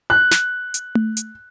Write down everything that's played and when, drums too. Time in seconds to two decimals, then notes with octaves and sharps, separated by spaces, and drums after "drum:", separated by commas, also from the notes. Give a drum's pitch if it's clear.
0.10 F#6
0.31 drum: snare
0.74 drum: hi-hat
0.95 drum: tom A3
1.17 drum: hi-hat